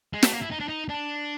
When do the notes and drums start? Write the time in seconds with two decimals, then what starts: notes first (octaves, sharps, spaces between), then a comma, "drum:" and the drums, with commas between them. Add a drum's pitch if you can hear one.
0.13 G#3
0.23 A3, drum: snare
0.32 A#3
0.41 E4
0.51 D#4
0.60 D4
0.68 D#4
0.89 D4